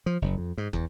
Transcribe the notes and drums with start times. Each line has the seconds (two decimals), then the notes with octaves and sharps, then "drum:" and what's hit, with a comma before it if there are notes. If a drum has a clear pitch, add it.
0.06 F3
0.22 F#1
0.38 F2
0.58 G#2
0.73 E2, drum: kick